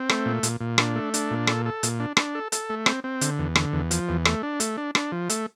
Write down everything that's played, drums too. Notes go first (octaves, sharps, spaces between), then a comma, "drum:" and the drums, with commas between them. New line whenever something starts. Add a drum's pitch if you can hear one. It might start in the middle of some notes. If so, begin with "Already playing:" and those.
Already playing: C4
A3, drum: rim click
A#2
A#2, drum: hi-hat
A#2
D4, drum: rim click
A3
D4, drum: hi-hat
A#2
A4, drum: rim click
A4
A#2, drum: hi-hat
D4
D4, drum: rim click
A4
A4, drum: hi-hat
A3
C4, drum: rim click
C4
D3, drum: hi-hat
E2
D3, drum: rim click
E2
F3, drum: hi-hat
E2
A3, drum: rim click
D4
A3, drum: hi-hat
D4
D4, drum: rim click
F3
A3, drum: hi-hat